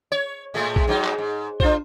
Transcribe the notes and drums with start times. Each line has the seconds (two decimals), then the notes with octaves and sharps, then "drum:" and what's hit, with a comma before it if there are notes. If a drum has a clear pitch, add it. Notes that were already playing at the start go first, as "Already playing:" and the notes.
0.12 C#5
0.54 A2 G#3 A3
0.76 drum: kick
0.88 G#2 F#3 D#4
1.04 drum: clap
1.18 G#2
1.60 D4 F4 C5, drum: kick